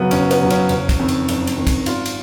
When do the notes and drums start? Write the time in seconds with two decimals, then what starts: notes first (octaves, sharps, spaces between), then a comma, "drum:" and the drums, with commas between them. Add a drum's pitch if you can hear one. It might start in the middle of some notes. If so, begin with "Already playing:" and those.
Already playing: F#1 F#2 C#3 F#3 B3
0.11 F#1 C#4, drum: cymbal
0.31 B3, drum: cymbal
0.41 F#2 C#3 F#3
0.50 C#4, drum: cymbal
0.69 F#1, drum: cymbal
0.89 drum: kick, cymbal
0.99 F2 D#3
1.08 drum: cymbal
1.29 F#1, drum: cymbal
1.47 drum: cymbal
1.57 F2 D#3
1.67 drum: kick, cymbal
1.86 G#1 F4, drum: cymbal
2.06 drum: cymbal